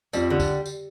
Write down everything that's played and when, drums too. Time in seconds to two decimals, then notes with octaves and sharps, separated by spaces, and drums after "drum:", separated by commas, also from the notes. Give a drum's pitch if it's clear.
0.13 F2 F3 G3, drum: tambourine
0.30 D3 G3
0.40 drum: kick, tambourine
0.66 drum: tambourine